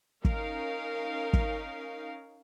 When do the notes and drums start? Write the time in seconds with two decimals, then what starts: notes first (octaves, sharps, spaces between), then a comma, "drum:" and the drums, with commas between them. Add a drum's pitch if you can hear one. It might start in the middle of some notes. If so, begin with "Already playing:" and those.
0.25 C#4 D#4 A#4 F5, drum: kick
1.33 drum: kick